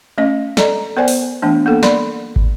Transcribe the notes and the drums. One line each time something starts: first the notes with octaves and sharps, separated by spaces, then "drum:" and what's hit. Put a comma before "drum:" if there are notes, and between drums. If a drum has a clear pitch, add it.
A3 C#4 D#5
A4 D5 D#5 A#5, drum: snare
B3 A#4 C5 D5 G#5
drum: open hi-hat
E3 A3 B3 D4
A#3 B3 A4
A#3 A#4 D5 B5 C6, drum: snare
drum: kick